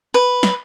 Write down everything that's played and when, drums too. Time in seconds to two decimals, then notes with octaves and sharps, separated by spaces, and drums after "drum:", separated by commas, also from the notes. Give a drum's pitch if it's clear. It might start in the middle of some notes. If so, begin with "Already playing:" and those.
0.14 B4
0.43 drum: snare